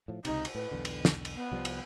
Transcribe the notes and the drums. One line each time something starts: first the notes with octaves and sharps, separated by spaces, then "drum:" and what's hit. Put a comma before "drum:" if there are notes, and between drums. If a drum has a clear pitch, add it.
A2 F3
C#2 C3 D#4, drum: cymbal
drum: cymbal
A2 B4
B1 E2 D3
drum: cymbal
drum: snare
drum: cymbal
B3
C2 F3 G3
drum: cymbal